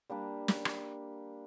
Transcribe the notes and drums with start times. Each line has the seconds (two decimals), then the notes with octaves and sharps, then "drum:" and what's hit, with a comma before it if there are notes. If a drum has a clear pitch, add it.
0.10 G3 A#3 D4
0.48 drum: snare
0.65 drum: rim click